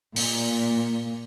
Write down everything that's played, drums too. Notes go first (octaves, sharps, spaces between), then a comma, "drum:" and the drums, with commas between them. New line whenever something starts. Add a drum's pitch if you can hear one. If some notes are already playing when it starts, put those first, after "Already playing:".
A#2, drum: open hi-hat